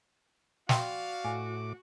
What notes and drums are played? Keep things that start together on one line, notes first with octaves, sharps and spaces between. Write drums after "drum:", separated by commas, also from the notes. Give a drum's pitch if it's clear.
F#4 D5 F5 G5 C6, drum: snare
A2 G#5 D6